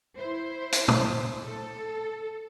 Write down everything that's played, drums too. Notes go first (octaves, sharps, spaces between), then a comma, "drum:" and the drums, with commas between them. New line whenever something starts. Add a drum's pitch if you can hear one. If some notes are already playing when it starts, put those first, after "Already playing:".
E4 C5
drum: hi-hat
drum: tom
A4